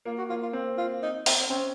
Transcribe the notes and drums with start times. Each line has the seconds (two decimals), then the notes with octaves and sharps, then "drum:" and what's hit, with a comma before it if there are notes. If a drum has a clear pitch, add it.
0.05 A#3 F4
0.18 F#4
0.29 A#3 F4
0.42 F4
0.53 C4
0.78 F4
1.02 D#4
1.26 C4, drum: open hi-hat
1.50 C4 C#4